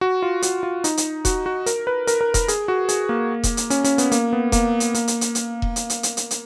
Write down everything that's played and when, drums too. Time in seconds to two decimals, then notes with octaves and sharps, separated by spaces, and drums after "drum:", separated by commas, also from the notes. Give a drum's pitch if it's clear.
0.01 F#4
0.22 F4
0.42 F#4, drum: hi-hat
0.63 F4
0.84 D#4, drum: hi-hat
0.97 drum: hi-hat
1.25 F#4, drum: kick E1, hi-hat
1.46 F#4
1.66 A#4, drum: hi-hat
1.87 B4
2.07 A#4, drum: hi-hat
2.21 A#4
2.34 A#4, drum: kick E1, hi-hat
2.48 G#4, drum: hi-hat
2.68 F#4
2.89 G#4, drum: hi-hat
3.09 A#3
3.43 drum: kick E1, hi-hat
3.57 drum: hi-hat
3.70 C#4, drum: hi-hat
3.84 C#4, drum: hi-hat
3.98 B3, drum: hi-hat
4.12 A#3, drum: hi-hat
4.33 B3
4.52 A#3, drum: kick E1, hi-hat
4.80 drum: hi-hat
4.94 A#3, drum: hi-hat
5.08 drum: hi-hat
5.21 drum: hi-hat
5.35 drum: hi-hat
5.62 drum: kick E1
5.76 drum: hi-hat
5.90 drum: hi-hat
6.03 drum: hi-hat
6.17 drum: hi-hat
6.31 drum: hi-hat